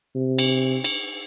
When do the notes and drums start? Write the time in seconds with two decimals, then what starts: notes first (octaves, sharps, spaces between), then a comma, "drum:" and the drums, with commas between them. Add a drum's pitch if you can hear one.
0.15 C3
0.38 drum: cymbal
0.84 drum: cymbal